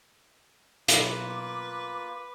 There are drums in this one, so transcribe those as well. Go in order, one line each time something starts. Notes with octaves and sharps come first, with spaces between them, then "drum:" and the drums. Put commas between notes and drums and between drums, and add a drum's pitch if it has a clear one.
B2 F#3 A#3 F4 B4 D6 F#6, drum: hi-hat